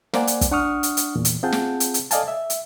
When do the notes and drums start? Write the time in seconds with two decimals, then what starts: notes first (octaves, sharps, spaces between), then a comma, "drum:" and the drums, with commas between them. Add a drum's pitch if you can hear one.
0.14 A#3 A#4 C5 D5 F#5 G#5, drum: snare
0.27 drum: hi-hat
0.41 drum: kick, hi-hat
0.51 D4 F#5 C#6 D#6 F6
0.83 drum: hi-hat
0.97 drum: hi-hat
1.16 E2 A#2
1.25 drum: hi-hat
1.43 C4 F4 G#4 F#5 A5 G6
1.52 drum: snare
1.80 drum: hi-hat
1.94 drum: hi-hat
2.11 A4 D5 D#5 F5 G#5 A5, drum: hi-hat
2.28 E5
2.50 drum: hi-hat